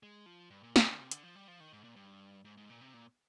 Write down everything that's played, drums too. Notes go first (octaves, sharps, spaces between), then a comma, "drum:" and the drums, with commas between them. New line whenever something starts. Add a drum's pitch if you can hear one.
G#3
F3
G2
A#2
D3, drum: snare
D3
C3
D3, drum: hi-hat
F3
G3
F3
D#3
G#2
A#2
G2
G#2
G#2
A#2
C3
A#2